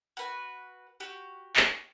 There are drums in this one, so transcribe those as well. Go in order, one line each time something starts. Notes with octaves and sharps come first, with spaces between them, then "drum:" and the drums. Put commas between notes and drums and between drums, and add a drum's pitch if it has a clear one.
F#4 B4
F#4 G4
drum: clap